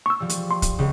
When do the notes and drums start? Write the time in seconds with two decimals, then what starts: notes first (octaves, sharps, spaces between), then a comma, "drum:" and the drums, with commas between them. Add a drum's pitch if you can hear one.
0.06 C#6 E6
0.20 F3 G3
0.30 drum: hi-hat
0.51 C6
0.62 drum: kick, hi-hat
0.79 C#2 C#3